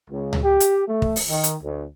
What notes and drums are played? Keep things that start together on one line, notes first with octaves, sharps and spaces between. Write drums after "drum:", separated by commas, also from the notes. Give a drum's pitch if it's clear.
C#2
drum: tom C#2
G4
drum: hi-hat
A3
drum: kick
drum: open hi-hat
D#3
drum: hi-hat
D2